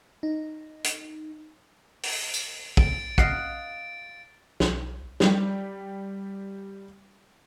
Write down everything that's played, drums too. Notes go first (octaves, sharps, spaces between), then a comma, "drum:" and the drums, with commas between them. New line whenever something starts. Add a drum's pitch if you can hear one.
D#4
drum: hi-hat
drum: open hi-hat
drum: tambourine
A6 D7, drum: kick
D#5 F5 F#5, drum: kick
B1, drum: snare
G3 G4, drum: snare